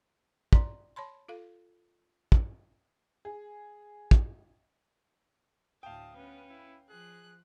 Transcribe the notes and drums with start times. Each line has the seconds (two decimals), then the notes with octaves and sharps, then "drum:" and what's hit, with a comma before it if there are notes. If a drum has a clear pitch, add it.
0.53 D5 A#5 C6, drum: kick
0.96 C#5 A5 B5 C6
1.28 F4 A4 F5
2.32 drum: kick
3.25 G#4
4.11 drum: kick
5.83 D2 A2 F5 G5 A5 D#6
6.16 B3 C#4 B4
6.49 E4
6.89 F3 G#4 F#6